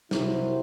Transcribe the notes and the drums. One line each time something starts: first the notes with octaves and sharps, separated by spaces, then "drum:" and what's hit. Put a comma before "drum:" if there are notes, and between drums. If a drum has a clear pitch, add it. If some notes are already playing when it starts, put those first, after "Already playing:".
C2 C3 F#3 C4 E4, drum: snare